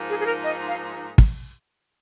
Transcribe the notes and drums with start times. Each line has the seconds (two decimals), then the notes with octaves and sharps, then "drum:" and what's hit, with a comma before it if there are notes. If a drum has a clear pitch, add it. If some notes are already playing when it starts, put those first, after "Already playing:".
Already playing: G#2 F3 A#3 D#4
0.10 G#4
0.20 G#4
0.26 A#4
0.44 D#5
0.67 F5
1.18 drum: kick